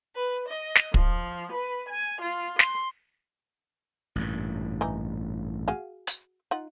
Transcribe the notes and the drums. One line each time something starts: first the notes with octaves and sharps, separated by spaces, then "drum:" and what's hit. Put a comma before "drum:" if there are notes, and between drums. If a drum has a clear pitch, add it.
B4
D#5
drum: snare
F3, drum: kick
B4
G#5
F4
C6, drum: snare
A1 G2 A#2
E3 D#4
F#4 G#4 F5
drum: hi-hat
D#4 F4 F#5